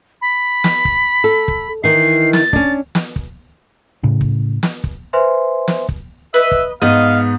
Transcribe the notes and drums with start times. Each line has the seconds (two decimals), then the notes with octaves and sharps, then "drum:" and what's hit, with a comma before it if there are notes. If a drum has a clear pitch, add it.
0.21 B5
0.64 drum: snare
0.85 drum: kick
1.24 A4
1.48 drum: kick
1.84 D#3 E3 C7
2.33 A6, drum: snare
2.53 C#4 D4, drum: kick
2.95 drum: snare
3.16 drum: kick
4.03 A2 C#3
4.21 drum: kick
4.63 drum: snare
4.84 drum: kick
5.13 B4 C5 E5 G#5 C6
5.68 drum: snare
5.89 drum: kick
6.34 B4 D#5 E5
6.52 drum: kick
6.82 G#2 B3 D#5 F5